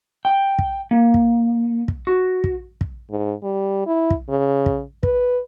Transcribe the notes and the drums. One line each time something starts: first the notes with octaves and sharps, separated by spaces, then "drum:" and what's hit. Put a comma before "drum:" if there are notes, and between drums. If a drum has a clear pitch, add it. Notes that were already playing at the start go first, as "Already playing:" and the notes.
G5
drum: kick
A#3
drum: kick
drum: kick
F#4
drum: kick
drum: kick
G#2
G3
E4
drum: kick
C#3
drum: kick
B4, drum: kick